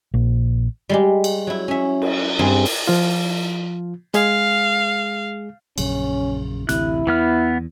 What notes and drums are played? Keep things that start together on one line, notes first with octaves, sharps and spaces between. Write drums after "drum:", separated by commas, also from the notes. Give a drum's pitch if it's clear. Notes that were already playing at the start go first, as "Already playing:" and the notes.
A#1
G3 G#3 G4
drum: cymbal
F#3 E4
C#4 E5
drum: cymbal
G2 C4 G#4
drum: open hi-hat
F3 F4
G#3 G#4 F5, drum: hi-hat
A#1 F#2 C#3 C#4, drum: cymbal
A1 D2 C3 E4 F#6, drum: hi-hat
E2 E3 B3 F6